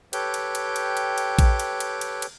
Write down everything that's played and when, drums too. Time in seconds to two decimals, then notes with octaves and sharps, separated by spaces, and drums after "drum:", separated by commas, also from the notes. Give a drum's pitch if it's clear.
0.13 G4 A4 B4 C#5 G5 G6, drum: cymbal
0.34 drum: cymbal
0.55 drum: cymbal
0.76 drum: cymbal
0.97 drum: cymbal
1.18 drum: cymbal
1.39 drum: kick A#1, cymbal
1.59 drum: cymbal
1.80 drum: cymbal
2.01 drum: cymbal
2.22 drum: cymbal